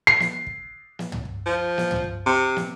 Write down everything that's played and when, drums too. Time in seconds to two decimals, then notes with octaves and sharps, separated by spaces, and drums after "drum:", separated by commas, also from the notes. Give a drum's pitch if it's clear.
0.07 C7
0.20 drum: snare
0.47 drum: kick
0.99 drum: snare
1.12 drum: tom
1.25 drum: kick
1.46 F3
1.78 drum: snare
1.91 drum: tom
2.04 drum: kick
2.26 C3
2.56 drum: snare